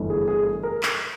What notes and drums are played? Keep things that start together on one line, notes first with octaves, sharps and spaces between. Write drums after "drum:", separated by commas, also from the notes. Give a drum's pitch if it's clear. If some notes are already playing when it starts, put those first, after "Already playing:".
Already playing: G1 G2 E3 A3
G#4
G#4
A4
A#4
drum: clap